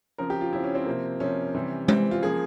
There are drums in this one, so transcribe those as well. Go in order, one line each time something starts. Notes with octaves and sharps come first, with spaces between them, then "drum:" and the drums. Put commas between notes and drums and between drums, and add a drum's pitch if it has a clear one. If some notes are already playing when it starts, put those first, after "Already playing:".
C#3 F3 C4 A#4
G4
F4
C#3 F3 C4 E4
C#4
C4
C3 F3 A#3
C3 F3 A#3 C#4
C3 E3 G3
C3 E3 G3 C4, drum: tom G#3
F4
C#3 F3 A#3 G#4